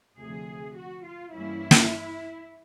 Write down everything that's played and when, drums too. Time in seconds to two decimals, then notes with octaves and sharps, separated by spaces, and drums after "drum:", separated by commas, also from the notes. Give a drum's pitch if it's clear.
0.19 D2 C3 F3 G#4
0.77 F#4
1.05 F4
1.35 G2 E3 G3 A#3 C#4 E4
1.71 drum: snare